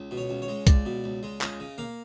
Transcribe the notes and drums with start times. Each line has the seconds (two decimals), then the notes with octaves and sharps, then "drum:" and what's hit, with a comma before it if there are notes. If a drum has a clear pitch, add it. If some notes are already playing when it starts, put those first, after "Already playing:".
Already playing: C#2
0.11 B2
0.17 C#5
0.29 C#2
0.42 C#5
0.48 G#3
0.67 C#2 D5, drum: kick C2, hi-hat
0.85 B2
1.04 C#2
1.23 G#3
1.41 C#2 D#5, drum: clap
1.60 C#3
1.78 A#3 F5